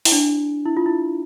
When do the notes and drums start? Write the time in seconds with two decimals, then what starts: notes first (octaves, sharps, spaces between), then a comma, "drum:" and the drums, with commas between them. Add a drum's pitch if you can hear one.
0.05 E4, drum: open hi-hat
0.12 D4
0.65 E4
0.77 F4
0.86 E4